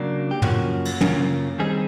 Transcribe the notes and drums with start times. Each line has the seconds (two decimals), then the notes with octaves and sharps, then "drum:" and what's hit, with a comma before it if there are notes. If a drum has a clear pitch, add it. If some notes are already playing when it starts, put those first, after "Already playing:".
Already playing: C#3 F#3 A#3 D4
0.31 G4
0.42 F#2 C#3 F3 A#3 C#4 F#4, drum: tom
0.85 drum: cymbal
1.01 F#2 C#3 F3 A#3 C#4, drum: tom
1.59 D#3 G3 C4 D#4 G#4